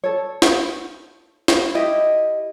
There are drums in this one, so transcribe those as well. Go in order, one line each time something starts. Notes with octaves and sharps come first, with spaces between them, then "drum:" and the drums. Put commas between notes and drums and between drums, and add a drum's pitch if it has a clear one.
A4 C#5
drum: snare
drum: snare
E4 G4 D#5